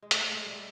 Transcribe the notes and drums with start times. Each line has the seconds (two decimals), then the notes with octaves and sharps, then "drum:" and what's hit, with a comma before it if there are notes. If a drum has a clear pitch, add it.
0.02 G#3
0.11 A3, drum: hi-hat
0.29 G#3
0.46 G3